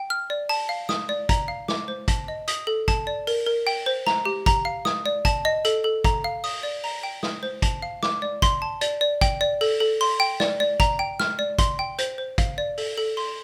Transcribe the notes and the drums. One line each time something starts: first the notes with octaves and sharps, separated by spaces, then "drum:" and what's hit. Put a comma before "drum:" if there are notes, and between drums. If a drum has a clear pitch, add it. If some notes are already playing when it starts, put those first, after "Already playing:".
Already playing: G5
F6
D5
A5, drum: open hi-hat
F5
D#6, drum: snare
D5
A#5, drum: kick, hi-hat
F5
D6, drum: snare
C5
A5, drum: kick, hi-hat
D#5
D#6, drum: hi-hat
A4
A5, drum: kick, hi-hat
D5
A#4, drum: open hi-hat
A#4
G5, drum: open hi-hat
C5
A#5, drum: snare
G4
A#5, drum: kick, hi-hat
F5
D#6, drum: snare
D5
A5, drum: kick, hi-hat
D#5
A4, drum: hi-hat
A4
A#5, drum: kick, hi-hat
F5
D#6, drum: open hi-hat
D5
A#5, drum: open hi-hat
G5
D#6, drum: snare
C5
A5, drum: kick, hi-hat
F5
D6, drum: snare
D5
C6, drum: kick, hi-hat
A5
D5, drum: hi-hat
D5
G5, drum: kick, hi-hat
D5
A4, drum: open hi-hat
A4
C6, drum: open hi-hat
G5
D5, drum: snare
D5
A#5, drum: kick, hi-hat
G5
F6, drum: snare
D5
C6, drum: kick, hi-hat
G5
C5, drum: hi-hat
C5
F5, drum: kick, hi-hat
D5
A4, drum: open hi-hat
A4
C6, drum: open hi-hat